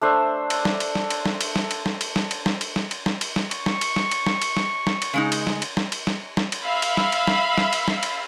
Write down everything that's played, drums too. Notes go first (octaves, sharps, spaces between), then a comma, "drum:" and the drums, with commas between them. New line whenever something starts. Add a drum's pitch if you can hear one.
A3 D4 C5 E5
drum: cymbal
drum: snare
drum: cymbal
drum: snare
drum: cymbal
drum: snare
drum: cymbal
drum: snare
drum: cymbal
drum: snare
drum: cymbal
drum: snare
drum: cymbal
drum: snare
drum: cymbal
drum: snare
drum: cymbal
drum: snare
drum: cymbal
drum: snare
C#6, drum: cymbal
drum: snare
drum: cymbal
drum: snare
drum: cymbal
drum: snare
drum: cymbal
drum: snare
drum: snare
drum: cymbal
C#3 G#3 D#4
drum: cymbal
drum: snare
drum: cymbal
drum: snare
drum: cymbal
drum: snare
drum: snare
drum: cymbal
E5 F5 B5
drum: cymbal
drum: snare
drum: cymbal
drum: snare
drum: snare
drum: cymbal
drum: snare
drum: cymbal